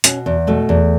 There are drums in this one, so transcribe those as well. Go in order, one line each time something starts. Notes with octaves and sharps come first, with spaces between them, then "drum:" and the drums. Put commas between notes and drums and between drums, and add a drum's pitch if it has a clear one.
B2 C#4, drum: hi-hat
E2
B2 A3
E2